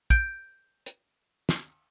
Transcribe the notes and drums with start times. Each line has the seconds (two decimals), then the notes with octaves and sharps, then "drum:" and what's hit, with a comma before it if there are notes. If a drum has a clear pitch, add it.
0.10 G6 D7, drum: kick
0.86 drum: hi-hat
1.49 drum: snare